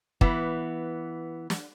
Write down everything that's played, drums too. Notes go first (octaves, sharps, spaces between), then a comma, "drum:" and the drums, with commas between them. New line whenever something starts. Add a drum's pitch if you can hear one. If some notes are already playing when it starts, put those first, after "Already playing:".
E3 B3, drum: kick
drum: snare